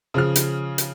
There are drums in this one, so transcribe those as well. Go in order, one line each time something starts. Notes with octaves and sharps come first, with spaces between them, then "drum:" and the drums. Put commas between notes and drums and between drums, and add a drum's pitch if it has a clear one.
C#3 F3 F6
drum: hi-hat
drum: hi-hat